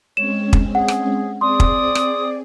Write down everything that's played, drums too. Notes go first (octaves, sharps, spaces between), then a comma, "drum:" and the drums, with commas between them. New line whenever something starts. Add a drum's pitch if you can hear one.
G#3 C4 C#4 C#5 E7
drum: kick
G#4 F#5
drum: rim click
C4 G#4 D5 C6 D#6
drum: kick
drum: rim click